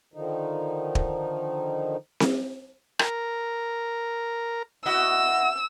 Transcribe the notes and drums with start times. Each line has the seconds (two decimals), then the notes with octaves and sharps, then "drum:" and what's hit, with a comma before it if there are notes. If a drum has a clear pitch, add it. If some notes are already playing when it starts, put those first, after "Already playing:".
0.14 D3 D#3 F3 D#4
0.95 drum: kick
2.20 drum: snare C4
2.99 A#4, drum: rim click
4.86 E4 F#4 D#5 E6